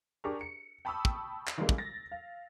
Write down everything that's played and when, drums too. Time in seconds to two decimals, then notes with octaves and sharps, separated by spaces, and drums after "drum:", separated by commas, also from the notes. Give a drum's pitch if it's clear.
0.24 D4 G4 G#4 A#4 A#5 C#6
0.41 C#7
0.85 G5 A5 B5 C#6 D#6 E6
1.05 drum: kick
1.48 drum: clap
1.57 C#3 E3 G3 G#3 A#3
1.69 drum: kick
1.78 A6 A#6
2.12 F5